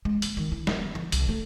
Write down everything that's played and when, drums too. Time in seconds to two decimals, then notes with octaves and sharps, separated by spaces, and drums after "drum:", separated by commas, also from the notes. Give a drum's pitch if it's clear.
0.05 G#3
0.22 A#3, drum: hi-hat
0.37 D#3
0.52 E4
0.67 B3, drum: snare
0.95 E3
1.12 C2, drum: hi-hat
1.29 A3